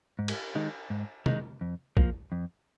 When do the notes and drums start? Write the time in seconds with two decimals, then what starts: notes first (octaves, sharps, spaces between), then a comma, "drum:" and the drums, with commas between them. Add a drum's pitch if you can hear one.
0.19 G#2
0.28 drum: cymbal
0.55 D#3 G#3 D#4
0.90 G#2
1.26 D#3 G#3 D#4, drum: tom
1.61 F2
1.97 F3 A#3, drum: kick
2.32 F2